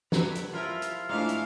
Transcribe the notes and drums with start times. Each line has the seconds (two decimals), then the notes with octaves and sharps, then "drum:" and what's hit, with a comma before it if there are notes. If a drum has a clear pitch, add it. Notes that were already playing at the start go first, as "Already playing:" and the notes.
0.12 G2 F#3 B5, drum: snare
0.35 drum: hi-hat
0.53 F3 E4 F4 A#4
0.82 drum: hi-hat
1.09 G#2 G#3 A3 D4 E4 F5
1.29 drum: hi-hat